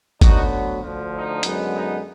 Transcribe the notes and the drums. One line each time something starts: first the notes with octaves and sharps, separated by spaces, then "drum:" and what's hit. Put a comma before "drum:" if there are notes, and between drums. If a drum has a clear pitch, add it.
D2 D3 F#3 B3 D#4 F#4, drum: kick G1, hi-hat
D2 D3 F3
D#4
F#2 D3 G#3 B3, drum: hi-hat
D#4